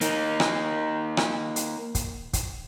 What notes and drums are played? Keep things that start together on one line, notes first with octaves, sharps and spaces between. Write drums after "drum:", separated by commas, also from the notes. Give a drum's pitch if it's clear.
A#3 D#4, drum: hi-hat
drum: rim click
drum: rim click
drum: hi-hat
drum: kick, hi-hat
drum: kick, hi-hat